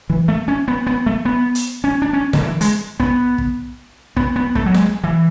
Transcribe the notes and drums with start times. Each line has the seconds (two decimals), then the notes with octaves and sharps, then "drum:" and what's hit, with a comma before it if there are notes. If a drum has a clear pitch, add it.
0.10 E3
0.28 A3
0.48 C#4
0.68 B3
0.87 B3
1.06 A3
1.25 B3
1.55 drum: hi-hat
1.84 C#4
2.02 D4
2.13 C#4
2.33 D3, drum: snare
2.42 E3
2.61 G#3, drum: hi-hat
3.00 B3, drum: kick
3.38 drum: kick
4.17 B3, drum: kick
4.36 B3
4.55 A3, drum: kick
4.66 F#3
4.74 G#3, drum: snare
5.04 E3